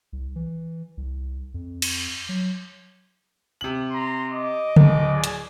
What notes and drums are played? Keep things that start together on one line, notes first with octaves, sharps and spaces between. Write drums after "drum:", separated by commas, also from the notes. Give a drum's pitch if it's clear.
C2
E3
C2
F2
drum: cymbal
F#3
C3 F#7
A#5 C6
D#5 D6
D1, drum: tom C#3
G#4 D5
drum: hi-hat